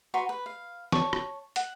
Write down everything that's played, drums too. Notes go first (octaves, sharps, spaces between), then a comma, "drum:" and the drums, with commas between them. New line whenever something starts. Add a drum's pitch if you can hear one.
F#4 B4 A#5 C6
B4
F5
C#5 A5 C#6, drum: snare
drum: rim click
F#5, drum: hi-hat